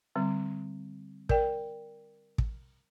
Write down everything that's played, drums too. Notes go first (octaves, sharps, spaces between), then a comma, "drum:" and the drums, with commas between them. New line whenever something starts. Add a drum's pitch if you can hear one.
D3 G3 C4
A#4 D5 G5, drum: kick
drum: kick